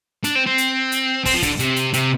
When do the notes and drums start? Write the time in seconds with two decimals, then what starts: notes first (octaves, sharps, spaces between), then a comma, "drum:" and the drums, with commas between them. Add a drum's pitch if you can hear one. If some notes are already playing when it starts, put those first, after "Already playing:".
0.24 D4, drum: hi-hat
0.35 C4
0.47 C4
0.58 drum: hi-hat
0.92 drum: hi-hat
1.25 C4, drum: kick, open hi-hat
1.34 F3
1.42 D3, drum: kick, hi-hat
1.59 C3, drum: hi-hat
1.76 drum: hi-hat
1.93 C3, drum: hi-hat